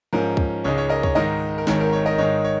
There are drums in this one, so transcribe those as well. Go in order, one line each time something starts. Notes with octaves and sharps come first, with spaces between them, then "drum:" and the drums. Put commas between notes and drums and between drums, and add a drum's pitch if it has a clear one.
G#2 F3 C#4 A#4
drum: kick
C#2 C#3 G#3 D#4 C#5
C#5
A#4 D#5
C#5, drum: kick
G#2 D#3 G#3 A#4 D#5
A#4
G#1 G#2 D#3 C#5, drum: snare
A#4
C#5
A#4 D#5
G#2 D#3 G#3 D#4 C#5
C#5